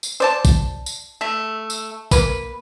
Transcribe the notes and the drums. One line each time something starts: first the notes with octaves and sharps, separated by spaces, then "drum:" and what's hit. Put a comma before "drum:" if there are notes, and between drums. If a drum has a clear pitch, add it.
drum: tambourine
C5 D5 A5
drum: kick, tambourine
drum: tambourine
A3 E5
drum: tambourine
A#3 B4, drum: kick, tambourine